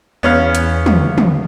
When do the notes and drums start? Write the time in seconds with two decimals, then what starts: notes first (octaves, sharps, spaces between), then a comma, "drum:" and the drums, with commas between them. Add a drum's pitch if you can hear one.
0.23 E2 B3 C#4 F5
0.55 drum: hi-hat
0.86 drum: tom
1.18 drum: tom